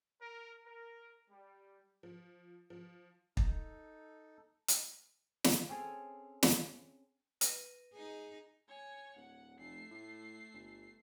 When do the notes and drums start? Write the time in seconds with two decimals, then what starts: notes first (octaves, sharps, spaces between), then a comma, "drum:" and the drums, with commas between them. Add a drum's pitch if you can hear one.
0.21 A#4
0.66 A#4
1.29 G3
2.03 F3
2.70 F3
3.37 D#4 A4, drum: kick
4.68 drum: hi-hat
5.44 drum: snare
5.69 C4 C#4 G#4 A4
6.43 drum: snare
7.41 B4 A#6 D#7, drum: hi-hat
7.92 D#4 G#4
8.68 C#5 G#5
9.16 D1 F#5
9.59 F1 A3 C7
9.91 A2
10.54 G1